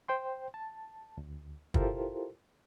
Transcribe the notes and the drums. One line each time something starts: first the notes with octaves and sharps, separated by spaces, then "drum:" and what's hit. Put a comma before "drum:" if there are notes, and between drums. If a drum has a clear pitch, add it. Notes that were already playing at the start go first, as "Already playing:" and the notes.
C5 G5 C6
A5
D2
E4 F4 G4 A4 A#4 C5, drum: kick